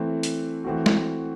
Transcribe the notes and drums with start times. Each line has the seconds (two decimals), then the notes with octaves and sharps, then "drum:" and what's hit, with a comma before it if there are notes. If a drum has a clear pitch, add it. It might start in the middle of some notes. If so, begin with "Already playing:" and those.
Already playing: E3 A3 C4
0.23 drum: hi-hat
0.64 E3 A3 C4 F#4
0.86 drum: snare